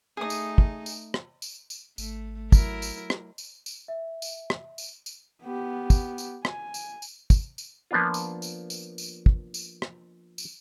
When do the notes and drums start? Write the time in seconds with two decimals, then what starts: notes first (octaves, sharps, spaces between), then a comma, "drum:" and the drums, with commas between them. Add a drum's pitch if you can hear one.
0.17 A3 D#4 G#4 D#6
0.30 drum: tambourine
0.58 drum: kick
0.86 drum: tambourine
1.14 drum: rim click
1.42 drum: tambourine
1.70 drum: tambourine
1.98 G#1 A3, drum: tambourine
2.52 F#3 E4 A#4, drum: kick, tambourine
2.82 drum: tambourine
3.10 drum: rim click
3.38 drum: tambourine
3.66 drum: tambourine
3.88 E5
4.22 drum: tambourine
4.50 drum: rim click
4.78 drum: tambourine
5.06 drum: tambourine
5.42 B3 G4
5.90 drum: kick, tambourine
6.18 drum: tambourine
6.45 G#5, drum: rim click
6.74 drum: tambourine
7.02 drum: tambourine
7.30 drum: kick, tambourine
7.58 drum: tambourine
7.91 F3 A#3 B3 D4 F4
8.14 drum: tambourine
8.42 drum: tambourine
8.70 drum: tambourine
8.98 drum: tambourine
9.26 drum: kick
9.54 drum: tambourine
9.82 drum: rim click
10.38 drum: tambourine